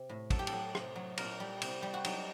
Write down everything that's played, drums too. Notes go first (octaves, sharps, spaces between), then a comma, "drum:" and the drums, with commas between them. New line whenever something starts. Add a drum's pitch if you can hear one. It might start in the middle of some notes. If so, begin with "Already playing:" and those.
Already playing: C3
A2
F#3 A4, drum: kick, cymbal
G4
A4, drum: cymbal
F#3
C3, drum: rim click
F#3
A#2 A#4, drum: cymbal
G3
C3, drum: cymbal
G3
F#4
F#3 D#4, drum: cymbal